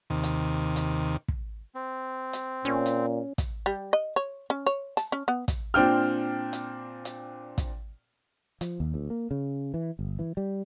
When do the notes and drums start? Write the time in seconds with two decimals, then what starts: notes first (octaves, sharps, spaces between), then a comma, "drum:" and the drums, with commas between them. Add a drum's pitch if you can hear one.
0.10 D#2 C3 D#3
0.24 drum: hi-hat
0.76 drum: hi-hat
1.28 drum: kick
1.75 C4
2.33 drum: hi-hat
2.65 A#2 C#4
2.86 drum: hi-hat
3.38 drum: kick, hi-hat
3.66 G3
3.93 D#5
4.16 C#5
4.50 C#4
4.66 C#5
4.97 A5, drum: hi-hat
5.12 C#4
5.28 B3
5.48 drum: kick, hi-hat
5.74 A#2 C4 D4 G5 F6
6.53 drum: hi-hat
7.05 drum: hi-hat
7.58 drum: kick, hi-hat
8.61 F3, drum: hi-hat
8.80 D#2
8.94 D2
9.10 A#3
9.31 C#3
9.74 E3
9.99 G1
10.19 E3
10.37 G3